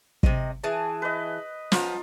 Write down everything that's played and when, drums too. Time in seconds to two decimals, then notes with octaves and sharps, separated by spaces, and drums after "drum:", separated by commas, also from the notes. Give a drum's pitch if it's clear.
0.23 C3 D#5, drum: kick
0.64 E3 G#4 A5
1.02 B4 D#5
1.72 F3 B3 F4 A#5, drum: snare